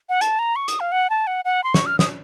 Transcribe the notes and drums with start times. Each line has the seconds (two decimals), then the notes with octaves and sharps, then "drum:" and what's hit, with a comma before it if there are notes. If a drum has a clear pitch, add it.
0.09 F#5
0.21 A5, drum: hi-hat
0.39 A#5
0.56 C#6
0.68 D#6, drum: hi-hat
0.80 F5
0.92 F#5
1.10 A5
1.27 F#5
1.45 F#5
1.64 C6
1.74 C#6, drum: snare
1.86 F6
1.99 D#6, drum: snare